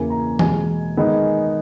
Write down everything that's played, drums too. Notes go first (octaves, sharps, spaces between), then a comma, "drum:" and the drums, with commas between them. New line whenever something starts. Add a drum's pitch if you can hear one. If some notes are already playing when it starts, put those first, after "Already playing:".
Already playing: E2 C#3 E3 A#3 G#5
A#5
E2 B2 G#3 G#5, drum: tom E3
D#3 G#3 B3 D#4